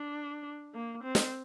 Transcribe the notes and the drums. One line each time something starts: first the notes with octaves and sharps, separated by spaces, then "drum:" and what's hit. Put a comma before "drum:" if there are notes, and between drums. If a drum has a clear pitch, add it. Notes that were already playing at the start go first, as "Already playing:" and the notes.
Already playing: D4
A#3
C4
drum: snare